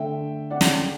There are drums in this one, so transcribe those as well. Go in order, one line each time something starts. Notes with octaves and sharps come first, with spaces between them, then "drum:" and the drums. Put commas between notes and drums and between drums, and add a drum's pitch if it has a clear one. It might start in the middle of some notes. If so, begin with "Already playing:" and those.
Already playing: D3 A3 E5 G5
D5 F#5
drum: snare